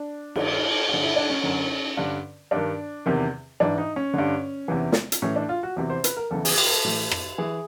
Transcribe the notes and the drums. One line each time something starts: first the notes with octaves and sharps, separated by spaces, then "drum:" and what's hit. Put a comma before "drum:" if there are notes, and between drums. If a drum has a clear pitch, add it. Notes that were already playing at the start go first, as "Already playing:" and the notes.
Already playing: D4
G2 D#3, drum: cymbal
G2 D3
E4
D4
C#4
F#2 D3
G2 D3
G2 D4
D#3
E2 C3 D#3
G#2 E3 D4
D#4
C#4
G2 D3
E2 C3 E3
drum: snare
drum: hi-hat
A2 E3 C#4
D4
F4
F#4
E2 C3 E3
C5
B4, drum: hi-hat
A#4
E2 C#3 E3 A4
G#4, drum: open hi-hat
G4, drum: cymbal
A#4
A4
A2 E3
drum: rim click
E3 G#4